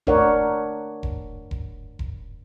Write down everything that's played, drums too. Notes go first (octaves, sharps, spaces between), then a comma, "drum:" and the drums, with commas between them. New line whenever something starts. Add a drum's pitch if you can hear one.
A3 D4 A#4 C#5 D5 F#5, drum: kick E1
drum: kick E1
drum: kick E1
drum: kick E1